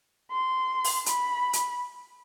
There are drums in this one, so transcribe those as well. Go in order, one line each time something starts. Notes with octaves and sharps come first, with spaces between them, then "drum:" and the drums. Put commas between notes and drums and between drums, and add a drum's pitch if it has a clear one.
C6
drum: open hi-hat
B5, drum: hi-hat
drum: hi-hat